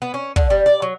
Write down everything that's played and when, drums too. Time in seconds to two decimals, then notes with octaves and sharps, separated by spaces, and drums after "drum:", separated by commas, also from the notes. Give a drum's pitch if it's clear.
0.02 B3
0.14 C#4
0.36 D3, drum: kick
0.50 G3
0.66 D5
0.82 F#3